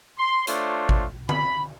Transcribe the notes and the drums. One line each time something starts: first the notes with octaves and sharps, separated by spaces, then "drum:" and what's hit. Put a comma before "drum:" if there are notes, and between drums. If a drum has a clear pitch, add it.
C6
A3 D4 F4 C5 C#5, drum: hi-hat
drum: kick G#1
B5, drum: tom D3